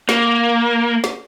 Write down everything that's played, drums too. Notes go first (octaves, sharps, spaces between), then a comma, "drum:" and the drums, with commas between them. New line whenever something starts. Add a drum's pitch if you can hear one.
A#3, drum: snare
drum: snare